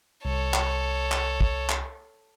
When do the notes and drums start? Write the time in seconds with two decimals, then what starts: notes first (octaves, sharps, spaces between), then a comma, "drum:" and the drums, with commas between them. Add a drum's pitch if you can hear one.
0.25 C2 A4 C#5
0.54 drum: clap
1.12 drum: clap
1.41 drum: kick
1.69 drum: clap